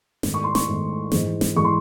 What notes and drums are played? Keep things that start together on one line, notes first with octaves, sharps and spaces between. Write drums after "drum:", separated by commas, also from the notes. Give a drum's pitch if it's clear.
G#2 D#3 A3, drum: snare
C#6
C6
C#6, drum: snare
G#2 D#3 A3
G#2 E3 G#3, drum: snare
drum: snare
G#2 E3 G#3 C#6
C6